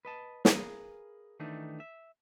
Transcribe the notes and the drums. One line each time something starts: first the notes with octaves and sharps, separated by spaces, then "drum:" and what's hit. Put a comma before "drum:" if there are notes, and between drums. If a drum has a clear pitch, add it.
B4 D#5 A5
G#4 A#4 B4 F5 G#5, drum: snare
D#3 E3 A3 D4 D#4
E5